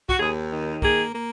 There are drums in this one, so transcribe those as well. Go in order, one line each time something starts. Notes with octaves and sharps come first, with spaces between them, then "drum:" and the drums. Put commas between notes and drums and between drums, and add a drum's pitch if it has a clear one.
F#4, drum: kick C2
D#2 G#4
D#3
A#3 G#4, drum: kick C2
A#3